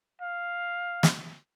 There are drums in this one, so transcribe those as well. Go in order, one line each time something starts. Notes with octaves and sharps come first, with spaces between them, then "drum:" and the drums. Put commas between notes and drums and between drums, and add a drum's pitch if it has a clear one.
F5
drum: snare